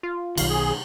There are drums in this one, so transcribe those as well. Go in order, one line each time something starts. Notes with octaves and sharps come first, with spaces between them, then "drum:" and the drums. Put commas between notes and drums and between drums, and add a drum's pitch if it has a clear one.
F4
B1 D#3 G3 F5, drum: cymbal
G#4